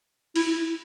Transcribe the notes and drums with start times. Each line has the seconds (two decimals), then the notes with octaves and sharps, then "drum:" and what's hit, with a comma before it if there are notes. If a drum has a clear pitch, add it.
0.36 E4, drum: open hi-hat